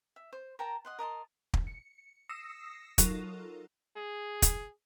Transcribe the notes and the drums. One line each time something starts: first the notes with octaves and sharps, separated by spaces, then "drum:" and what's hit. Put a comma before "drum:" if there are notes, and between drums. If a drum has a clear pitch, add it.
E5
C5
A#4 G5 A5 A#5
D#5 F#5 C6
A#4 D#5 A5 C6
drum: kick
C#7
D#6 E6 A#6 C7 C#7 E7
F#3 D#4 F4 A4 A#4, drum: kick, hi-hat
G#4
drum: kick, hi-hat